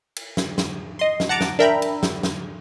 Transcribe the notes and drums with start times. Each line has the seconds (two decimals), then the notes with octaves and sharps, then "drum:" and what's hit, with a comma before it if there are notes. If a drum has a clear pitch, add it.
0.16 drum: cymbal
0.37 drum: snare
0.58 drum: snare
0.99 D#5 C6
1.20 drum: snare
1.29 F#5 A5 A#5 D6
1.41 drum: snare
1.59 D4 A#4 E5 G5 A#5 B5
1.82 drum: cymbal
2.03 drum: snare
2.23 drum: snare